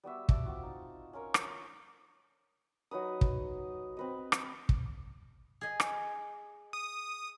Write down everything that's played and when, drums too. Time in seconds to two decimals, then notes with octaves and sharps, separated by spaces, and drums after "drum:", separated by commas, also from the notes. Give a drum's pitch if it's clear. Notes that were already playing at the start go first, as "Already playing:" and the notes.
0.03 G3 B3 F#4 E5
0.29 D5 E5 A5 D6, drum: kick
0.45 C4 F4 F#4
0.63 D#4
1.13 C#4 F4 A#4 C#5
1.34 F5, drum: rim click
2.91 F#3 D#4 B4 D#6
3.21 drum: kick
3.97 C4 B4 D#5
4.32 drum: rim click
4.69 drum: kick
5.61 G#4 D#5
5.80 drum: rim click
6.73 D#6